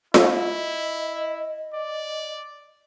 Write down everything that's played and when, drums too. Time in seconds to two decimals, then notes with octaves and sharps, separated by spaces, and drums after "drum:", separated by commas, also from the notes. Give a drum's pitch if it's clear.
0.14 E4 D#5, drum: snare F4
1.74 D5